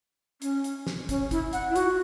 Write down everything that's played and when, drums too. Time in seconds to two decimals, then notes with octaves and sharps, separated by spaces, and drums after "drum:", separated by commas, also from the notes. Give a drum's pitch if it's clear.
0.42 C#4, drum: hi-hat
0.64 drum: hi-hat
0.87 drum: snare
1.09 C#4, drum: kick, hi-hat
1.31 E4, drum: kick, hi-hat
1.53 F#5, drum: hi-hat
1.71 E4
1.76 F#4, drum: hi-hat